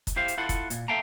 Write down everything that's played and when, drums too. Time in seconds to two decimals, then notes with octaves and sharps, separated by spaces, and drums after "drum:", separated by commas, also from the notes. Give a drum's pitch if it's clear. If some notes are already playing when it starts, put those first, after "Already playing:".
0.07 drum: kick, hi-hat
0.16 E4 G4 C5 F5
0.28 drum: hi-hat
0.38 E4 F4 A4 F#5
0.49 drum: kick, hi-hat
0.70 A#2, drum: hi-hat
0.88 A4 E5 F5 G5 A5 A#5